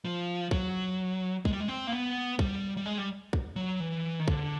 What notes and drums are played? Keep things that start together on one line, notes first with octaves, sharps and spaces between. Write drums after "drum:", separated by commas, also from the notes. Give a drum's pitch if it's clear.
F3
F#3, drum: kick
G#3, drum: kick
G3
G#3
C4
A#3
B3
G3, drum: kick
G3
G#3
G3
drum: kick
F#3
E3
D#3
D3, drum: kick